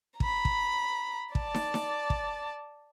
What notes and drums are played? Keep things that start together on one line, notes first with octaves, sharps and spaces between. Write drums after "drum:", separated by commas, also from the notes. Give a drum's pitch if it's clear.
A#5 B5, drum: kick
drum: kick
D5 A5, drum: kick
drum: snare
drum: snare
drum: kick